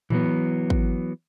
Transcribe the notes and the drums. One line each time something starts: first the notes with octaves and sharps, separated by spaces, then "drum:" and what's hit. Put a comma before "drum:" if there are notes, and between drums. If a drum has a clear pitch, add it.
E3 F#3 B3, drum: tom A2
drum: kick G#1